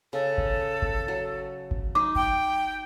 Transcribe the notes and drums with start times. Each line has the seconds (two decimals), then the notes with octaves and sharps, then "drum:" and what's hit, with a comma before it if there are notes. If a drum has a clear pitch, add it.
0.13 C#3 A4
0.38 drum: kick G1
0.82 drum: kick G1
1.08 F#3
1.71 drum: kick G1
1.95 D#4 D6
2.16 G5, drum: kick G1